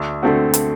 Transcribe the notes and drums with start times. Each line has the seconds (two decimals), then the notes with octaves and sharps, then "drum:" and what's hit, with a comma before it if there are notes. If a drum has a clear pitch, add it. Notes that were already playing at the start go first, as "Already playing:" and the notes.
Already playing: D2
0.23 D3 A3 C4 F#4
0.54 drum: hi-hat